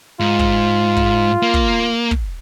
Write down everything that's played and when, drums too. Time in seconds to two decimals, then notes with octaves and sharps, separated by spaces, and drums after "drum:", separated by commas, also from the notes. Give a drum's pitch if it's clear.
0.20 G#2 F4
0.39 drum: kick
0.97 drum: kick
1.43 A#3
1.54 drum: kick
2.11 drum: kick